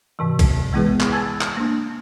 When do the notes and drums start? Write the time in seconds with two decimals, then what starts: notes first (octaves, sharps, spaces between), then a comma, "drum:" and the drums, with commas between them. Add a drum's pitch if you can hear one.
0.19 G#2 C3 E3
0.39 drum: kick B1, cymbal
0.73 E3 G#3 B3 E4 G#4 B4
1.00 drum: clap
1.12 G#5 A5 E6 G#6 A6
1.41 drum: clap
1.57 A#3 D4